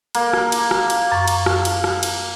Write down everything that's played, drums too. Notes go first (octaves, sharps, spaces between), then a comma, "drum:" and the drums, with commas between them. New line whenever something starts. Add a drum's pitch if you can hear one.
A#3, drum: cymbal
drum: rim click
drum: cymbal
drum: rim click
drum: cymbal
F#2 C#6
drum: cymbal
drum: rim click
drum: cymbal
drum: rim click
drum: cymbal